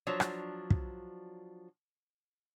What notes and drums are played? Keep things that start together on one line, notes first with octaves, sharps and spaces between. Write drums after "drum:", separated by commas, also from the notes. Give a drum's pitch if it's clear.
F3 F#3 D4
drum: rim click
drum: kick